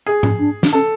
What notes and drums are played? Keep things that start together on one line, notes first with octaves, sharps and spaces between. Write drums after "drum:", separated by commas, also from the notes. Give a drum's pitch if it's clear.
G#4
C#4, drum: tom G#2
D4
D4, drum: snare
C#4 A4